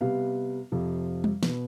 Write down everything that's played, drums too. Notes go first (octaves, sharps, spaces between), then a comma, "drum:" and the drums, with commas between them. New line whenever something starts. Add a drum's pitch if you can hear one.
C3 G3 B3 F5
F2 C3 F3
drum: tom G3
B2 B3, drum: snare